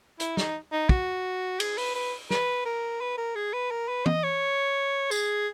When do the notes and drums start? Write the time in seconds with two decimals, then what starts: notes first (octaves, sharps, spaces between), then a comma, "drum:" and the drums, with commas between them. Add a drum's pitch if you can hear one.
0.20 E4, drum: hi-hat
0.37 D#4, drum: snare
0.72 D#4
0.89 F#4, drum: kick
1.60 G#4, drum: cymbal
1.78 B4, drum: open hi-hat
1.95 B4
2.31 B4, drum: snare
2.66 A#4
3.01 B4
3.18 A#4
3.36 G#4
3.53 B4
3.71 A#4
3.88 B4
4.06 D#5, drum: tom
4.24 C#5
5.11 G#4, drum: tambourine